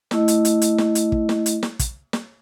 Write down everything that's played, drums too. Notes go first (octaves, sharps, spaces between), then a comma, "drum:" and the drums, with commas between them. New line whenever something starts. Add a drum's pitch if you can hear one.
A3 E4 D#5, drum: snare
drum: hi-hat
drum: hi-hat
drum: hi-hat
drum: snare
drum: hi-hat
drum: kick
drum: snare
drum: hi-hat
drum: snare
drum: kick, hi-hat
drum: snare